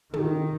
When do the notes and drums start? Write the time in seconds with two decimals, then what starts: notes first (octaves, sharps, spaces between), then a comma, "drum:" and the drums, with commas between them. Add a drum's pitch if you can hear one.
0.14 D#3, drum: tom